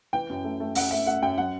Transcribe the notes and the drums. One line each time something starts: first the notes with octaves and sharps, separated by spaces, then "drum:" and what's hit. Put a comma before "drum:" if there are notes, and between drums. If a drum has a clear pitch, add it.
E3 G5
F#2
A3
A3
F#2 F#5, drum: open hi-hat
A3 E5
A3 F#5
F#2 G5
F#3 F#5